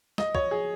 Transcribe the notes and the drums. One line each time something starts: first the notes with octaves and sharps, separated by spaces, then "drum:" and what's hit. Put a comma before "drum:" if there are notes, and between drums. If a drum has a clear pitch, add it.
D#5, drum: snare
C#5, drum: kick
G#4